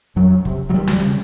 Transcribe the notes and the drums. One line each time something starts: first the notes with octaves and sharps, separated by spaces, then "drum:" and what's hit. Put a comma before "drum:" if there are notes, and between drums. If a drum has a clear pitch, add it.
F2 F#3
C3, drum: kick
F#3
E2 G3
F#3, drum: snare
G3
C#3